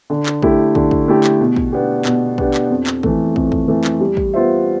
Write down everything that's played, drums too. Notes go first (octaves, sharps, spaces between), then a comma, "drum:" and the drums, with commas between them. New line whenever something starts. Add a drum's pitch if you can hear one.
D3
drum: clap
A3 E4 G4, drum: kick
D3, drum: kick
drum: kick
A3 E4 G4
drum: clap
B2
drum: kick
B3 D4 G4
B2, drum: clap
B3 D4 G4, drum: kick
drum: clap
F2
drum: clap
E3 A3, drum: kick
F2, drum: kick
drum: kick
E3 A3
drum: clap
G3
drum: kick
B3 F4 C5 E5